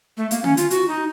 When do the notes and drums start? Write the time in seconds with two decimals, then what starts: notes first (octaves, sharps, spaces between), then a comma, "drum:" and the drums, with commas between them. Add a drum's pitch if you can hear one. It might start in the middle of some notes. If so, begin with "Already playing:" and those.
0.17 A3
0.31 A#3, drum: hi-hat
0.44 C#4, drum: tom
0.57 F4, drum: hi-hat
0.70 F#4, drum: hi-hat
0.88 D#4